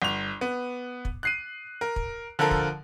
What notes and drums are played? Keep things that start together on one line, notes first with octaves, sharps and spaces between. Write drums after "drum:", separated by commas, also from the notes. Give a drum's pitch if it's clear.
G1 F7
B3
drum: kick
F#6 C7 D#7
A#4
drum: kick
D3 F3 F4 A4 A#4
drum: kick